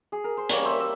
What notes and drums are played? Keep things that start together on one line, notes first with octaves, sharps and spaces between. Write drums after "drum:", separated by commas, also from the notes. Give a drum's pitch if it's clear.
G#4
A#4
C5
G3 A#3 C#4 A#4 C#5, drum: hi-hat
C5 E5
E5